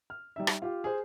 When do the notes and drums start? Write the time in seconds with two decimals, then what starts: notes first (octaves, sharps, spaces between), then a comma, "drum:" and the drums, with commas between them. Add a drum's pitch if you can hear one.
0.10 F6
0.36 G3 D#4 E5
0.47 drum: rim click
0.62 F4 G4 F5
0.84 G#4 C5